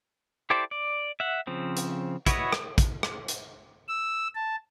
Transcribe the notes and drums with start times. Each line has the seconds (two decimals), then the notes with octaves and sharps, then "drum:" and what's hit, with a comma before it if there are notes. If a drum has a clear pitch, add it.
0.50 E4 G4 A4 C5 D5
0.71 D5
1.20 E5 F#5
1.47 C#3 F3 C4
1.77 drum: hi-hat
2.26 E4 F#4 B4 C#5 D#5, drum: kick, hi-hat
2.53 drum: rim click
2.78 drum: kick, hi-hat
3.03 drum: rim click
3.28 drum: hi-hat
3.88 E6
4.35 A5